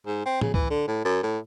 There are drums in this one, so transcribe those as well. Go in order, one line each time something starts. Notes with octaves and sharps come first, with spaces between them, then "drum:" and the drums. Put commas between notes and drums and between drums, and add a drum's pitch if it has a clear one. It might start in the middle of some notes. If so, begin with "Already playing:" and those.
G#2
C4
C#3, drum: tom
E3, drum: kick C#2
D3
A2
F#2
A2